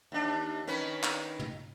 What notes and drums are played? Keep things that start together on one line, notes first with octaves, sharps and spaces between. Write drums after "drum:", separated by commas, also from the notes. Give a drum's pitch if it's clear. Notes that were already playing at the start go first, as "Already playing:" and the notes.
D#2 D4
D#3 C#4 B4, drum: hi-hat
drum: clap
drum: tom